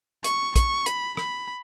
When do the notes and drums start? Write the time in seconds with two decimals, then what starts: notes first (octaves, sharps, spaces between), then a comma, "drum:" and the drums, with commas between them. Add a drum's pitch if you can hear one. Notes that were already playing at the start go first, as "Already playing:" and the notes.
0.24 C#6, drum: hi-hat
0.56 C#6, drum: kick, hi-hat
0.86 B5, drum: hi-hat
1.17 B5, drum: rim click